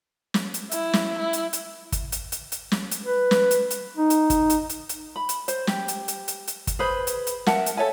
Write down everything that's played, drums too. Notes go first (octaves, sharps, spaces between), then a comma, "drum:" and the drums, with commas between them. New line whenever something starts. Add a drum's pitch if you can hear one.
drum: snare
drum: hi-hat
E4, drum: hi-hat
drum: snare
E4
drum: hi-hat
drum: hi-hat
drum: kick, hi-hat
drum: hi-hat
drum: hi-hat
drum: hi-hat
drum: snare
drum: hi-hat
B4
drum: snare
drum: hi-hat
drum: hi-hat
D#4
drum: hi-hat
drum: kick, hi-hat
drum: hi-hat
drum: hi-hat
drum: hi-hat
B5
drum: hi-hat
C5, drum: hi-hat
G4, drum: snare
drum: hi-hat
drum: hi-hat
drum: hi-hat
drum: hi-hat
drum: kick, hi-hat
G#4 B4 C5 B5
drum: hi-hat
drum: hi-hat
A#4 E5 F#5 A5, drum: snare
drum: hi-hat
A4 C#5 E5 G#5